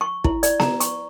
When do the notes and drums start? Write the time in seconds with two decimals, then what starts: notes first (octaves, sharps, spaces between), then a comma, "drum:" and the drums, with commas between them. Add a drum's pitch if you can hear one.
0.01 C#6
0.24 E4, drum: kick
0.43 D5, drum: hi-hat
0.60 A#5, drum: snare B3
0.80 C#6, drum: hi-hat